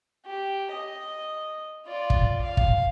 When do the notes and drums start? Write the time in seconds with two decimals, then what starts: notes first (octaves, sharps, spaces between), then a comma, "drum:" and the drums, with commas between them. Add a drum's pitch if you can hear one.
0.26 G4
0.72 D#5
1.86 F4 D5
2.10 drum: kick
2.42 F5
2.57 drum: kick